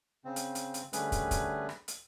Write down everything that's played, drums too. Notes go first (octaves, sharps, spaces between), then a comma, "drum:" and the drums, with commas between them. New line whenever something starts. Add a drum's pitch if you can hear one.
C#3 C4
drum: hi-hat
drum: hi-hat
drum: hi-hat
D3 G3 A3 C#4 G#4 B4, drum: hi-hat
drum: kick, hi-hat
drum: kick, hi-hat
drum: rim click
drum: hi-hat